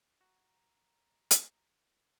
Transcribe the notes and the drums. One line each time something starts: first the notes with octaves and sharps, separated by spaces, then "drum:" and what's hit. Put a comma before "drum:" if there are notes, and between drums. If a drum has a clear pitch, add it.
F#4 A#5
drum: hi-hat